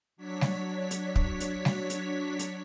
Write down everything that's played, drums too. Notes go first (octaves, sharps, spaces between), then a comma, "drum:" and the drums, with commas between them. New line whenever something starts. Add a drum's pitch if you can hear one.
F#3 D4 C#5 B6
drum: snare G3
drum: hi-hat
drum: kick
drum: hi-hat
drum: snare G3
drum: hi-hat
drum: hi-hat